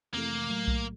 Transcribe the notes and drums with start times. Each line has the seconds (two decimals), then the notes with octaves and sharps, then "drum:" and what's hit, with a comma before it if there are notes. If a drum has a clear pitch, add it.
0.14 F2 C3 E3 A3 A#3
0.48 A2 F#3 A3
0.67 drum: kick B1